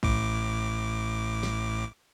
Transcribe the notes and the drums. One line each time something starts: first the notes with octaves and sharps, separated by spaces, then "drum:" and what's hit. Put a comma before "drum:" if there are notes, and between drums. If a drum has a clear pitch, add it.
A1 A2 D6, drum: kick
drum: snare